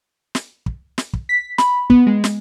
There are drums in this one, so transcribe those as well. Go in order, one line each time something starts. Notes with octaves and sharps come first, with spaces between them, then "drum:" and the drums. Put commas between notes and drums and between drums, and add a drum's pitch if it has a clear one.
drum: snare
drum: kick
drum: snare
drum: kick
B6
B5, drum: snare
B3, drum: kick
G#3
drum: snare